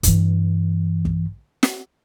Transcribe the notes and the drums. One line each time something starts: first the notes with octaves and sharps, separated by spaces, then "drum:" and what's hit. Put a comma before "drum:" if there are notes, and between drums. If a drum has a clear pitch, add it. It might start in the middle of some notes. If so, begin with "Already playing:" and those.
G2 E3, drum: hi-hat
drum: kick
drum: snare